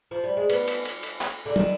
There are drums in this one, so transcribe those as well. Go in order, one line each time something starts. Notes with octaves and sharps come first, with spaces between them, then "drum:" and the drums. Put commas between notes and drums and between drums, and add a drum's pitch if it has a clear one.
F3
G3
G#3
B3, drum: cymbal
drum: cymbal
drum: cymbal
drum: cymbal
drum: clap
D3
D#3, drum: tom